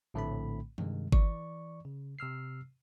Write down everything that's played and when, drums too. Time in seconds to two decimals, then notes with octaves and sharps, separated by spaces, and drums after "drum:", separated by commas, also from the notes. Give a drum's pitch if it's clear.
0.14 A#1 A2 D3 A3 C4 B5
0.78 G2 C3 D#3 G3 G#3, drum: tom E3
1.12 E3 D5 C#6, drum: kick G1
1.85 C#3
2.19 C3 E6 F6 C7